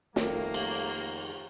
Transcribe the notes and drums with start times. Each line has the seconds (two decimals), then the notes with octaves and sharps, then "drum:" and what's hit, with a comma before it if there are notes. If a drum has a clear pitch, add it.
0.16 F2 D#3 G3 A3 A#3, drum: snare
0.54 drum: cymbal